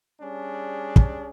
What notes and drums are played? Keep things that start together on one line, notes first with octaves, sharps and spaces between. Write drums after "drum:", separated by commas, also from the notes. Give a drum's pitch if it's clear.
G3 C#4 D4 G#4
drum: kick